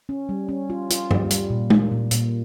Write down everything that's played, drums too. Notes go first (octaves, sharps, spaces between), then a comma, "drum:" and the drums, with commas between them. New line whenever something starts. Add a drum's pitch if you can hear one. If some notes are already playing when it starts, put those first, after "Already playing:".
C#4
G3
C#4
F4
F4, drum: hi-hat
G3, drum: tom G2
G3, drum: hi-hat
A#2
A#3, drum: tom G#3
A#2
A#2, drum: hi-hat